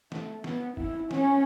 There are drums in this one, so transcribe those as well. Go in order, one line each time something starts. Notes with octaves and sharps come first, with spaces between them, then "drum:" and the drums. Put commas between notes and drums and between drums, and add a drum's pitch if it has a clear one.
A3, drum: snare
B3, drum: snare
E4, drum: kick
C#4, drum: snare